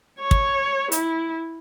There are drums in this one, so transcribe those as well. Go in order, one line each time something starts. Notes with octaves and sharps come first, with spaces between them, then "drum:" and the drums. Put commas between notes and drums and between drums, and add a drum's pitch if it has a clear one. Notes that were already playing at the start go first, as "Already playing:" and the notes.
C#5
drum: kick
E4, drum: hi-hat